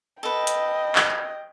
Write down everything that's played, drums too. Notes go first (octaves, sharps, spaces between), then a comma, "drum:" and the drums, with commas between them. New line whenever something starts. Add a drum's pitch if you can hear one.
A4 B4 D#5 G5
drum: hi-hat
drum: clap